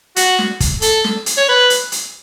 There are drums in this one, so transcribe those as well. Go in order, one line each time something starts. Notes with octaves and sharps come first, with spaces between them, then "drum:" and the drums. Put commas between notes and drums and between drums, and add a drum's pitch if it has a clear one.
F#4, drum: hi-hat
drum: snare
drum: kick, hi-hat
A4, drum: hi-hat
drum: snare
drum: hi-hat
C#5
B4
drum: hi-hat
drum: hi-hat